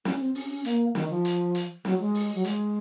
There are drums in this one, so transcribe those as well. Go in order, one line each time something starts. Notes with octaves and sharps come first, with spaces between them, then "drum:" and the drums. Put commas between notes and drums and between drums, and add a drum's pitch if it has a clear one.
C#4, drum: snare
C4
C#4, drum: open hi-hat
C#4
A#3, drum: hi-hat
D#3, drum: snare
F3
drum: hi-hat
drum: hi-hat
F#3, drum: snare
G#3
drum: open hi-hat
F#3
G#3, drum: hi-hat